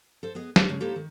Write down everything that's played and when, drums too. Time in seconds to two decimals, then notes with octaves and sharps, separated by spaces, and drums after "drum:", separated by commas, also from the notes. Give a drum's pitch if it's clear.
0.23 A4 C5
0.35 B3 G#4 D#5
0.56 G4 A5, drum: snare
0.69 C#3 G#3 A3
0.80 A#3 D#4 E4 G4 A4 C5
0.96 D#3